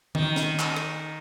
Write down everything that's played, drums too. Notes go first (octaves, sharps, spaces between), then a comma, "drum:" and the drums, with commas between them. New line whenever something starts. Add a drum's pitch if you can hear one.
D#3, drum: tom D#3
drum: snare
drum: clap
drum: rim click